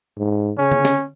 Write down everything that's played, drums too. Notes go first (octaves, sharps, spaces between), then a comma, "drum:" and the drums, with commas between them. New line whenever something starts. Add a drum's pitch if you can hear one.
G#2
C#3 C#4
drum: tom D3
drum: snare